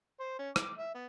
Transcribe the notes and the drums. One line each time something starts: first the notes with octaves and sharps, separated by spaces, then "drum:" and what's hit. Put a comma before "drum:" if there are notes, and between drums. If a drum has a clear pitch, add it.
C5
C#4
D6, drum: rim click
E5
B3